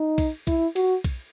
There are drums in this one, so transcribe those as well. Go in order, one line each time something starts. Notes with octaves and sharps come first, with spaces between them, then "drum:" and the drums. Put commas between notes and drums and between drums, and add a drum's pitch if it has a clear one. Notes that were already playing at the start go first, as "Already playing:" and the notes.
Already playing: D#4
drum: kick B1, cymbal
E4, drum: kick B1, cymbal
F#4, drum: cymbal
drum: kick B1, cymbal